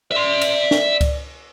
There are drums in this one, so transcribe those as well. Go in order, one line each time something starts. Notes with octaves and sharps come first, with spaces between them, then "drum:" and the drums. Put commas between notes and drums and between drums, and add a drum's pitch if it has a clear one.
D5 E5 C6
drum: cymbal
drum: snare
drum: kick C#2, cymbal